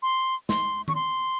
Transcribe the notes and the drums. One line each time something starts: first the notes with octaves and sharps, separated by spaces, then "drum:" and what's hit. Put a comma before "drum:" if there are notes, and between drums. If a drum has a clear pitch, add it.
C6
C6, drum: snare
C#6, drum: tom D#3
C6